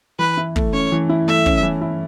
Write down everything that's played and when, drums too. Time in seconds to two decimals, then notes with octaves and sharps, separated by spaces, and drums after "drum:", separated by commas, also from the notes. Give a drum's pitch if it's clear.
0.19 E3 B4
0.37 E4
0.56 A3, drum: kick
0.73 C#4 C#5
0.92 E3
1.09 E4
1.28 A3 E5
1.46 C#4, drum: kick
1.63 E3
1.81 E4